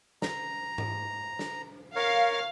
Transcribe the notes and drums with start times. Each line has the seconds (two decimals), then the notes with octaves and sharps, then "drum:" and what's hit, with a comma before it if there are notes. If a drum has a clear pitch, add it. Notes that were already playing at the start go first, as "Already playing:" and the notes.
0.22 A#5, drum: snare
0.78 drum: tom G#2
1.39 drum: snare
1.96 A#4 C#5 F5